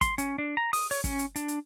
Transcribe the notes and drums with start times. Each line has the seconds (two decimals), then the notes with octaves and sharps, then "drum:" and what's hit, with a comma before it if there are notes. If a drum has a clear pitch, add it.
0.01 C6, drum: kick, hi-hat
0.18 C#4, drum: hi-hat
0.38 D4
0.57 A#5
0.73 D#6, drum: open hi-hat
0.91 C#5, drum: open hi-hat
1.04 C#4, drum: kick, hi-hat
1.19 drum: hi-hat
1.36 D4, drum: hi-hat
1.48 drum: hi-hat